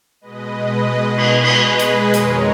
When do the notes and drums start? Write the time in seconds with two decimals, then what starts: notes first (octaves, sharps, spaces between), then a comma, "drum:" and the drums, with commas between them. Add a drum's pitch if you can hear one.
0.21 B2 G#3 B4 D#5
1.17 G#4 B4, drum: cymbal
1.44 drum: cymbal
1.66 G#4 B4
1.79 drum: hi-hat
2.14 F2 D#3 G#3 A#4 C#5, drum: hi-hat